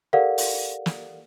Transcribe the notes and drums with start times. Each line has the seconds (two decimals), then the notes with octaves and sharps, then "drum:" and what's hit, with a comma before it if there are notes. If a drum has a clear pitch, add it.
0.13 G4 A4 A#4 D5 F5 F#5
0.38 drum: open hi-hat
0.86 drum: snare